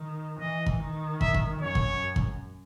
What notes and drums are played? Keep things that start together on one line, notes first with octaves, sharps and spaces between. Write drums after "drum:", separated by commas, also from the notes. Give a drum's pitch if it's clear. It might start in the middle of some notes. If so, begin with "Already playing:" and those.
Already playing: D#3
E3 D#5
drum: kick
D#3
E5, drum: kick
drum: kick
F#2 C#5
drum: kick
drum: kick